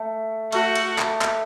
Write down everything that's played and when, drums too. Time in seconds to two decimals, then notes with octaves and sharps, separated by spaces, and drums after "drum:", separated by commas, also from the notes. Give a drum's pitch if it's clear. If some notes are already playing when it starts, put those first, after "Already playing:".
Already playing: A3
0.52 A3 F#4, drum: cymbal
0.75 drum: cymbal
0.98 drum: clap
1.21 drum: clap